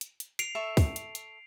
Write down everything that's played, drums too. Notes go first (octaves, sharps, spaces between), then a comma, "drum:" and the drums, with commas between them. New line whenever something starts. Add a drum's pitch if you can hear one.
drum: hi-hat
drum: hi-hat
C7 D7 F7, drum: hi-hat
A4 E5 C#6
drum: kick, open hi-hat
drum: hi-hat
drum: hi-hat